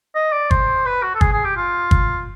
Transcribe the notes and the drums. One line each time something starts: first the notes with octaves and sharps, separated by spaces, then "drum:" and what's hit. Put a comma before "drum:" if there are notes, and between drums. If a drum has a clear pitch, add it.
D#5
D5
C5, drum: kick G1
B4
F#4
A4
G#4, drum: kick G1
G#4
G4
F4
drum: kick G1